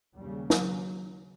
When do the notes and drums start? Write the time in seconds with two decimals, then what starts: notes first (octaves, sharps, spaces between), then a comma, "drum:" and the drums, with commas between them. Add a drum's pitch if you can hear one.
0.17 D#2 C#3 G3
0.50 F#3, drum: snare